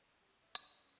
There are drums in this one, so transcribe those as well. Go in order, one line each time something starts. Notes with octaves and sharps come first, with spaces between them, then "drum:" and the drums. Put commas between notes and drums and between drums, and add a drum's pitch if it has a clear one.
G4
E5
D4, drum: hi-hat
C#4